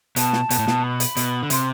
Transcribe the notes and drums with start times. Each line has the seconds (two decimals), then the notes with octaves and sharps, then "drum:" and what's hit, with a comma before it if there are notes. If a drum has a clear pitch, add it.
0.16 B2 A5, drum: hi-hat
0.33 drum: snare
0.50 B2, drum: hi-hat
0.59 A2
0.68 B2, drum: snare
0.83 B5
1.00 drum: hi-hat
1.17 B2, drum: hi-hat
1.43 D3
1.50 C3 C6, drum: hi-hat